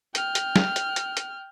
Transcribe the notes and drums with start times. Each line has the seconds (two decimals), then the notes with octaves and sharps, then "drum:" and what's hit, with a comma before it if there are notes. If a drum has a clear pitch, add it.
0.15 G5 F6, drum: hi-hat
0.35 drum: hi-hat
0.56 drum: snare
0.76 drum: hi-hat
0.96 drum: hi-hat
1.17 drum: hi-hat